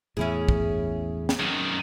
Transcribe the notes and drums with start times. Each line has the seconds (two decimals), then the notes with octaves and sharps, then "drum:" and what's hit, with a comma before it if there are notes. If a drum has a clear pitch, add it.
0.17 E2 A2 C#4 E4 G#4
0.49 drum: kick
1.29 drum: snare
1.39 F#2 D#3